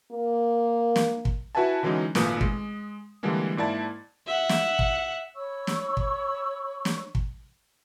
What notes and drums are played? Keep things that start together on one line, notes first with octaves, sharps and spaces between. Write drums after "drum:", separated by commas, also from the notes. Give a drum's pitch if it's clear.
A#3
drum: snare
drum: kick
E4 F#4 B4 E5 G#5 A5
D3 E3 F#3 G#3 C#4 D#4
G#1 A#2 A3 B4 D#6, drum: snare
G#3, drum: kick
D3 E3 G3 G#3 A#3
G#2 A#3 E4 D5 A5 A6
E5 F#5
drum: snare
drum: kick
C#5 B5 C#6 E6
drum: snare
drum: kick
drum: snare
drum: kick